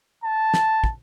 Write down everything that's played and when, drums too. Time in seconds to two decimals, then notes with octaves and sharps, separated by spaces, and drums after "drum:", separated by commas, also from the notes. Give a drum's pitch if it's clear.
0.24 A5
0.54 drum: snare
0.84 drum: kick